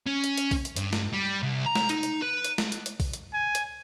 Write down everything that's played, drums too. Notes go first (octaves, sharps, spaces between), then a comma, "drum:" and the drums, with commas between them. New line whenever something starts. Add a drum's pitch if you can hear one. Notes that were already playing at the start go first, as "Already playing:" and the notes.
C#4
drum: hi-hat
drum: hi-hat
drum: kick B1, open hi-hat
drum: hi-hat
G2, drum: hi-hat
drum: snare
G3
C2
A#5
drum: snare
D#4, drum: hi-hat
drum: hi-hat
B4
drum: hi-hat
drum: snare
drum: hi-hat
drum: hi-hat
drum: kick B1, open hi-hat
drum: hi-hat
G#5
drum: hi-hat